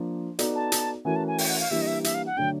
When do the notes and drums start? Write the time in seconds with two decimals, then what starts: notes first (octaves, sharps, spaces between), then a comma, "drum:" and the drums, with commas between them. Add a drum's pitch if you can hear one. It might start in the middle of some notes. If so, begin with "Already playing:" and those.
Already playing: F3 A#3 D4
0.39 B3 D#4 F#4 A4 D5, drum: hi-hat
0.55 A5
0.72 drum: hi-hat
1.05 E3 A3 C#4 F#4 A#4 G#5
1.16 A5
1.27 G#5
1.38 G5, drum: open hi-hat
1.48 F#5
1.60 F5
1.71 E3 G3 A#3 D4 E5
1.82 D#5
1.87 E5
2.04 E5, drum: hi-hat
2.14 F5
2.26 F#5
2.37 D3 F#3 A3 D4 G5